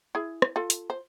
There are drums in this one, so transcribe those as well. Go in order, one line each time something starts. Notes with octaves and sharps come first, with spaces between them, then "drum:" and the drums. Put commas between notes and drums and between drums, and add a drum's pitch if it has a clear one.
E4 G#4
drum: rim click
F4 A4
drum: hi-hat
C5